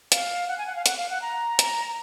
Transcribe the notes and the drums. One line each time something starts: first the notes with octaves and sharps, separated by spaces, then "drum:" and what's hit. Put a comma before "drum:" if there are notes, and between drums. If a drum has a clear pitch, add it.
F5, drum: hi-hat
F#5
G#5
F#5
F5
F#5, drum: hi-hat
F5
F#5
A#5
drum: hi-hat